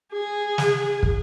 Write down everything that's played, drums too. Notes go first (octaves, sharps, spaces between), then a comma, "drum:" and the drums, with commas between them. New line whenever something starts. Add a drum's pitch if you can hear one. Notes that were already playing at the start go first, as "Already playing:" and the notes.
G#4
drum: snare
drum: kick